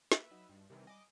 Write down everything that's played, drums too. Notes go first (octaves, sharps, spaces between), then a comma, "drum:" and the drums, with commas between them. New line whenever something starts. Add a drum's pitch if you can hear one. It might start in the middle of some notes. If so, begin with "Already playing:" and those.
A#3 B4 E5, drum: snare
F#3 D#4 F#4
G2 G3
C3 D#3 E3 A#4 B5
D#5 G#5 B5 D6